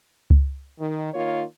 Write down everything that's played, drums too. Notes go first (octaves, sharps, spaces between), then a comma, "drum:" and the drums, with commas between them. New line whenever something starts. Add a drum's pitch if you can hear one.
drum: kick C#2
D#3
D#3 A#3 F4 C#5